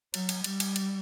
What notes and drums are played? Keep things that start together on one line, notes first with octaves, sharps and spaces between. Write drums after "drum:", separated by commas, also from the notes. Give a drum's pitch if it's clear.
F#3, drum: cymbal
drum: cymbal
G3, drum: cymbal
drum: cymbal
drum: cymbal